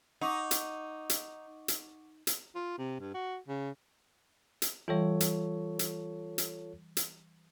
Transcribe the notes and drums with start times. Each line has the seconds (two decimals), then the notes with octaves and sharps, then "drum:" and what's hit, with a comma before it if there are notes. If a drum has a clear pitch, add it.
0.21 D#4 F#5 C#6 D6
0.51 drum: hi-hat
1.09 drum: hi-hat
1.68 drum: hi-hat
2.27 drum: hi-hat
2.55 F4
2.78 C3
3.00 G2
3.14 F#4
3.48 C#3
4.62 drum: hi-hat
4.88 E3 G3 F4 A4 C#5
5.20 drum: hi-hat
5.79 drum: hi-hat
6.38 drum: hi-hat
6.97 drum: hi-hat